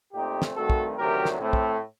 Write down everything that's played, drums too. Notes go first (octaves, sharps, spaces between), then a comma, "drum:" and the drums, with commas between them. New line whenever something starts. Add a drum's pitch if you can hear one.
A#2 A3 C4 D#4 G4
drum: snare
G2 D#3 A3 C4 F#4 A4
drum: kick
D2 C3 D#3 F#3 G4 A#4
drum: snare
A2 A3 C4
drum: kick